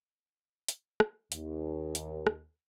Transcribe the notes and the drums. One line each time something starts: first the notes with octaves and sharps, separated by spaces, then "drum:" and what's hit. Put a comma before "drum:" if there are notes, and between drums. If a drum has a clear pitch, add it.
drum: hi-hat
drum: rim click
D#2, drum: hi-hat
drum: hi-hat
drum: rim click